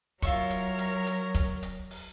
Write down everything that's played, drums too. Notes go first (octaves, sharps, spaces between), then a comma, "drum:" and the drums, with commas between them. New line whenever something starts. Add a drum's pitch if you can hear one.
F#3 F4 A#4 C#5 E5 C#6, drum: kick, hi-hat
drum: hi-hat
drum: hi-hat
drum: hi-hat
drum: kick, hi-hat
drum: hi-hat
drum: open hi-hat